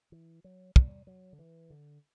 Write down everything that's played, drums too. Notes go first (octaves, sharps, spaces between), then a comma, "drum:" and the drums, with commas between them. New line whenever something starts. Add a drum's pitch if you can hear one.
E3
F#3
G3, drum: kick
F#3
D3
E3
D3